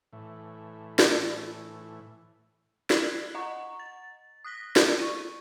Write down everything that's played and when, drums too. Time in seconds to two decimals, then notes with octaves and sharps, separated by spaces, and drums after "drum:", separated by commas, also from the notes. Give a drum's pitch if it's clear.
0.13 A2 E3
0.99 drum: snare
2.90 F#6 G#6 B6 C7 F#7 G7, drum: snare
3.34 D#5 F#5 A#5 C#6
3.79 A6
4.44 D#6 F#6 A#6 B6
4.76 drum: snare
4.99 C#6 D#7